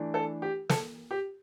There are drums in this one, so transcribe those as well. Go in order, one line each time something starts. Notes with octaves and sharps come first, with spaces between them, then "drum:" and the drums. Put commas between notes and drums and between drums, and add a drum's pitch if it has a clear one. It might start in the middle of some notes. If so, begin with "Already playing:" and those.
Already playing: E3 A3 D4
A4
G4
A4, drum: snare
G4